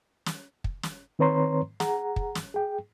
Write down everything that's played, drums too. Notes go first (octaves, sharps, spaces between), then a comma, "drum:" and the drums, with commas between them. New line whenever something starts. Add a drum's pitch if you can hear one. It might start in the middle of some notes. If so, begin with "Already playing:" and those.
drum: snare
drum: kick
drum: snare
D#3 C4 B4 C#5 A#5 C6
G#4 F#5 A#5, drum: snare
drum: kick
drum: snare
G#4 G5